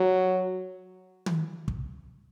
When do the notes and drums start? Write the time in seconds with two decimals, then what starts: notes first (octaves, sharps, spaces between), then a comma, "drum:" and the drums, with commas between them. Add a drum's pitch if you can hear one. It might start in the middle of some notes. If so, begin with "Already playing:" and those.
Already playing: F#3
1.26 drum: tom
1.68 drum: kick